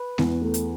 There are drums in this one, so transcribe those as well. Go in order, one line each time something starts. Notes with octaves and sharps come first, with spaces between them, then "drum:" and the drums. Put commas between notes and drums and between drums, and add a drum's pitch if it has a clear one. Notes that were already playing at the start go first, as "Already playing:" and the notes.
Already playing: B4
E2, drum: snare G#3
A3
drum: hi-hat